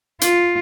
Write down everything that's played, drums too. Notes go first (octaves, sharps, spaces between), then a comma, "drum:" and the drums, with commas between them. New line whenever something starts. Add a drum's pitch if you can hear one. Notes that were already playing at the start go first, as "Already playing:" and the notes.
F4, drum: hi-hat